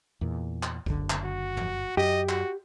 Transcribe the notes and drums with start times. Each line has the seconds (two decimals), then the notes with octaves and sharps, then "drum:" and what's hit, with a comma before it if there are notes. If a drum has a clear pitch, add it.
0.21 E2 A#2
0.63 drum: clap
0.86 F#1 D3, drum: kick C2
1.10 drum: clap
1.23 F#4
1.57 drum: tom
1.97 F#2 G4 D#5
2.29 F#4, drum: clap